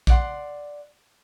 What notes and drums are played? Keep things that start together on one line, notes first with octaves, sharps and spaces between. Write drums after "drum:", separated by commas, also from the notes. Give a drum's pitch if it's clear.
D5 F#5 C6, drum: kick